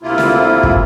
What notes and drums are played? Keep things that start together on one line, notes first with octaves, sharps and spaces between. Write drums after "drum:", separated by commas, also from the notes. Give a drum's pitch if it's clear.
D2 C3 A#3 E4 F4
drum: snare
drum: kick